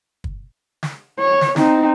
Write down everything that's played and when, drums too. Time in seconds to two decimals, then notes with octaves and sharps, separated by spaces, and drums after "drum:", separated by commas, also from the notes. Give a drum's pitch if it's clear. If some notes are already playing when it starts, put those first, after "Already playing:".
0.24 drum: kick
0.83 drum: snare
1.19 C#5
1.41 drum: snare
1.56 C4 D#4, drum: snare